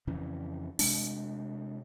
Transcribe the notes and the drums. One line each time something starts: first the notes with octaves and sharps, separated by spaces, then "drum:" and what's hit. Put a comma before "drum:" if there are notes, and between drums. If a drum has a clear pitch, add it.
F2 C#3 E3
C3 G#3 D4, drum: open hi-hat